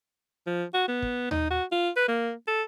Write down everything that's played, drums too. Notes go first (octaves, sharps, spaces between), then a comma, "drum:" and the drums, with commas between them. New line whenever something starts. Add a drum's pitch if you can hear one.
F3
F#4
B3
drum: kick
D#4, drum: tom D#2
F#4
F4
B4
A#3
A4